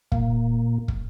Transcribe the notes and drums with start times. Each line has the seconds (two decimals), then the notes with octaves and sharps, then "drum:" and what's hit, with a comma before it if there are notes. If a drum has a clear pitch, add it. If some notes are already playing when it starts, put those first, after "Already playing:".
0.12 A#2 A#3, drum: kick
0.88 drum: kick